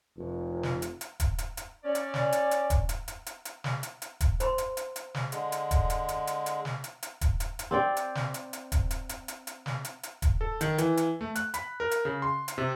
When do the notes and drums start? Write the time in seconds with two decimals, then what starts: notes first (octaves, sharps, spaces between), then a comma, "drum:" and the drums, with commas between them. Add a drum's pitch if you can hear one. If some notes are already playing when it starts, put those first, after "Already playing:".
0.17 F1
0.63 drum: snare
0.82 drum: hi-hat
1.01 drum: hi-hat
1.20 drum: kick D#1, hi-hat
1.38 drum: hi-hat
1.57 drum: hi-hat
1.84 C#4 D5
1.95 drum: hi-hat
2.14 drum: snare
2.32 drum: hi-hat
2.51 drum: hi-hat
2.70 drum: kick D#1, hi-hat
2.89 drum: hi-hat
3.08 drum: hi-hat
3.26 drum: hi-hat
3.45 drum: hi-hat
3.64 drum: snare
3.83 drum: hi-hat
4.02 drum: hi-hat
4.20 drum: kick D#1, hi-hat
4.40 C5 B5 C6, drum: hi-hat
4.58 drum: hi-hat
4.77 drum: hi-hat
4.96 drum: hi-hat
5.15 drum: snare
5.32 D3 G#3, drum: hi-hat
5.52 drum: hi-hat
5.71 drum: kick D#1, hi-hat
5.90 drum: hi-hat
6.09 drum: hi-hat
6.27 drum: hi-hat
6.46 drum: hi-hat
6.65 drum: snare
6.84 drum: hi-hat
7.03 drum: hi-hat
7.21 drum: kick D#1, hi-hat
7.40 drum: hi-hat
7.59 drum: hi-hat
7.71 C4 D5 G5
7.97 drum: hi-hat
8.15 drum: snare
8.34 drum: hi-hat
8.53 drum: hi-hat
8.72 drum: kick D#1, hi-hat
8.91 drum: hi-hat
9.09 drum: hi-hat
9.28 drum: hi-hat
9.47 drum: hi-hat
9.66 drum: snare
9.85 drum: hi-hat
10.03 drum: hi-hat
10.22 drum: kick D#1, hi-hat
10.41 A4
10.61 D#3, drum: hi-hat
10.78 E3, drum: hi-hat
10.97 drum: hi-hat
11.21 A3
11.35 F#6, drum: hi-hat
11.54 B5, drum: hi-hat
11.80 A#4
11.91 drum: hi-hat
12.05 C#3
12.22 C6
12.48 drum: hi-hat
12.58 C3